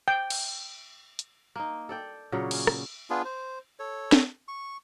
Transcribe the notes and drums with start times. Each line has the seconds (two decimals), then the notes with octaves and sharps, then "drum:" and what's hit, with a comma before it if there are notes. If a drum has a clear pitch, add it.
0.08 G5
0.30 drum: cymbal
1.19 drum: hi-hat
1.56 A#3 D#4
1.89 A4 D5 G5
2.32 A#2 C#3 F#3 C#5
2.51 C#4, drum: cymbal
2.67 drum: rim click
3.10 B3 D4 F4 G#4
3.25 C5
3.79 A4 C#5
4.12 drum: snare
4.48 C#6